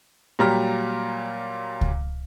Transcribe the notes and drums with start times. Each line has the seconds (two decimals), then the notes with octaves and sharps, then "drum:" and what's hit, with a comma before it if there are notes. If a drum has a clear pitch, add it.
0.39 A#2 F#3 G3 G4 A#5 F6
1.81 drum: kick C#2